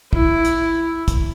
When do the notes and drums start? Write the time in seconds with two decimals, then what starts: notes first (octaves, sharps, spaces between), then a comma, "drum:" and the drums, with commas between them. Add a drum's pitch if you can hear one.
0.13 E4, drum: kick
0.45 drum: hi-hat
1.08 drum: kick, hi-hat